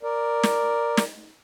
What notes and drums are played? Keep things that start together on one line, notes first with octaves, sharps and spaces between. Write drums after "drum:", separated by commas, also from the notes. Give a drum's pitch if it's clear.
A#4 D5
drum: snare
drum: snare